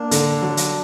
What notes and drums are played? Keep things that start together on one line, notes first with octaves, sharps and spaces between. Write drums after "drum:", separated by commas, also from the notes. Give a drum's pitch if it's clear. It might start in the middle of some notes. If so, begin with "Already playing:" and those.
Already playing: A#3 D4
D3, drum: hi-hat
F#3
drum: hi-hat